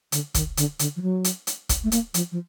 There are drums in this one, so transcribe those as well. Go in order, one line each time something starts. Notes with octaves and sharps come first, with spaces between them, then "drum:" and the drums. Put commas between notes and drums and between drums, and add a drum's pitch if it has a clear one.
D3, drum: hi-hat
D#3, drum: kick, hi-hat
D3, drum: hi-hat
D3, drum: hi-hat
F3
F#3
drum: hi-hat
drum: hi-hat
drum: kick, hi-hat
A3
A#3, drum: hi-hat
F3, drum: hi-hat
F3